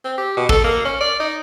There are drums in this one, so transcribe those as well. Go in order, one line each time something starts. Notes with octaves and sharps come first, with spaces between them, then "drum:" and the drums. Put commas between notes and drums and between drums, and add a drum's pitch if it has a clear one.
C4
G4
B2
A4, drum: kick
A#3
C#4
D5
D#4